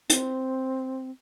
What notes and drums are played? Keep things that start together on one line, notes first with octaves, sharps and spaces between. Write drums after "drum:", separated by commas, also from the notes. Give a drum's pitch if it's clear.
C4, drum: hi-hat